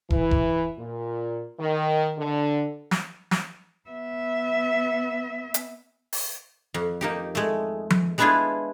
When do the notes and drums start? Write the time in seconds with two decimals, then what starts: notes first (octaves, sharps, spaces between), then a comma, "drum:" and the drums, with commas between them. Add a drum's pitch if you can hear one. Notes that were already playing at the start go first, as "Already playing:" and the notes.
0.10 E3, drum: kick
0.31 drum: kick
0.79 A#2
1.60 D#3
2.18 D3
2.91 drum: snare
3.31 drum: snare
3.89 B3 E5
5.54 drum: hi-hat
6.13 drum: open hi-hat
6.74 F2
7.01 A#3 D#4 G4
7.35 G#3 A3
7.90 drum: tom F3
8.18 G#3 B3 D4 E4 F4 G#4